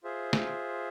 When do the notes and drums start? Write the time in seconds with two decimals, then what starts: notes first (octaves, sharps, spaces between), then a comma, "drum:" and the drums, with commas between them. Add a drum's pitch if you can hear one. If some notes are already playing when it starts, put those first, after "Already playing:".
0.04 F4 G#4 C5 E5
0.33 drum: snare